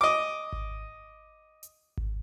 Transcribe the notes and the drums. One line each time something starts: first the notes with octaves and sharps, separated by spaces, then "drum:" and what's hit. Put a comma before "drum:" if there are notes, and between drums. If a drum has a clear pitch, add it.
D#5 D6
drum: kick G#1
drum: hi-hat
drum: kick G#1